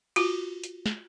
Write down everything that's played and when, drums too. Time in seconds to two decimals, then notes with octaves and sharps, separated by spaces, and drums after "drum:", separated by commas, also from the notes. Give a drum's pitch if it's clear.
0.16 F4 F#4, drum: cymbal
0.64 drum: hi-hat
0.86 drum: snare